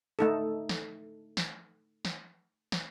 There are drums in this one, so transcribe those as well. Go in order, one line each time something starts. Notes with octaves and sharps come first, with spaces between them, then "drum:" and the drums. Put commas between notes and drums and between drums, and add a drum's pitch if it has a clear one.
A3 D#4 A4
drum: snare
drum: snare
drum: snare
drum: snare